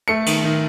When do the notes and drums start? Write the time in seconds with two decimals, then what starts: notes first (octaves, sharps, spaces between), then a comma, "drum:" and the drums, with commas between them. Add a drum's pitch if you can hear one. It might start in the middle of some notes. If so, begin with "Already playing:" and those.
0.08 A3 C#7
0.26 D#3, drum: cymbal
0.44 D#3